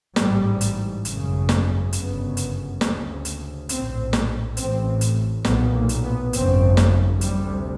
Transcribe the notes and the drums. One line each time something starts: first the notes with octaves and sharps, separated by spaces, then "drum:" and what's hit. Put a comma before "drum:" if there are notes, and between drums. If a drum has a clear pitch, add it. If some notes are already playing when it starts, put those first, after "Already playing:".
A1 G#2 G3, drum: snare
drum: hi-hat
G#1 F#2 C#3, drum: hi-hat
drum: snare
G1 F#2 C#3 B3, drum: hi-hat
drum: hi-hat
D2 C#3, drum: snare
drum: hi-hat
A#1 A2 C4, drum: hi-hat
drum: snare
A1 A2 C4, drum: hi-hat
drum: hi-hat
B1 A#2 B3, drum: snare
A#3
drum: hi-hat
B3
G#1 F#2 C#3 C4, drum: hi-hat
drum: snare
D2 C3 G3, drum: hi-hat